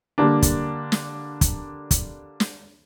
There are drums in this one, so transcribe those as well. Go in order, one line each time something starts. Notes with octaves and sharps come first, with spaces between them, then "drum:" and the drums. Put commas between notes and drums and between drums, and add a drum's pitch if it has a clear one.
D3 G3 A#3 D4
drum: kick, hi-hat
drum: snare
drum: kick, hi-hat
drum: kick, hi-hat
drum: snare